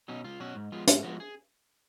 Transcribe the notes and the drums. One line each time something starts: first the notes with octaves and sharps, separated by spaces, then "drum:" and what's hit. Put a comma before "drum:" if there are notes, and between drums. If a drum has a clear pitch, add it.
B2 F#3 C#4 D#4
C#2 F4
B2 F#3 C#4 F#4
G#2
F3 G#3 B3 F4
G#2 F4, drum: hi-hat
F3 G#3 B3 F#4
G#4